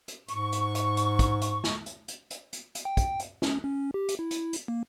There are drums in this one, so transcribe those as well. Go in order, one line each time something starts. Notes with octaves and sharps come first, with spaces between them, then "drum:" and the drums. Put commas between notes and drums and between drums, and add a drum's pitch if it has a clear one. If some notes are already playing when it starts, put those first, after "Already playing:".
drum: hi-hat
G#2 C#6, drum: hi-hat
drum: hi-hat
drum: hi-hat
drum: hi-hat
drum: kick, hi-hat
drum: hi-hat
drum: snare
drum: hi-hat
drum: hi-hat
drum: hi-hat
drum: hi-hat
drum: hi-hat
G5
drum: kick, hi-hat
drum: hi-hat
C#4, drum: snare
C#4
G4
drum: hi-hat
E4
drum: hi-hat
drum: hi-hat
A#3